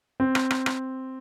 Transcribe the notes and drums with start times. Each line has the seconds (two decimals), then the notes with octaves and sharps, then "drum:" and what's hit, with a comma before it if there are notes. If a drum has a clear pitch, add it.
0.20 C4
0.35 drum: rim click
0.51 drum: rim click
0.66 drum: rim click